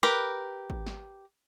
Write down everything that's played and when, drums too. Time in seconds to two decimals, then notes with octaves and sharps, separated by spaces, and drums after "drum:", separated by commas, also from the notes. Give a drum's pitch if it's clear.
0.03 G4 A#4 B4
0.70 drum: kick
0.86 drum: snare